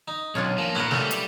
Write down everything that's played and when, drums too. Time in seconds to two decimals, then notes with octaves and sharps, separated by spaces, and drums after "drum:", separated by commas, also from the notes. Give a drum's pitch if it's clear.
0.08 D#4
0.35 B1 D4 F4 C#5
0.58 A#2 F3 A#3
0.75 A#2 B3 C#4 E4 F4 A#4
0.91 G3 A3 G4, drum: snare
1.11 drum: hi-hat